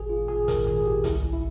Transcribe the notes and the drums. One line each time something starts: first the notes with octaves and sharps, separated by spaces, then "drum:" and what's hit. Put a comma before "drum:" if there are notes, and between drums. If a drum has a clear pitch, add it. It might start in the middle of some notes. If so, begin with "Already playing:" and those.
Already playing: G#1 G#4
F4
G#1
G#4
G#1 A#4, drum: kick, hi-hat
G#4
G#1
G4
C2 E4, drum: kick, hi-hat
E4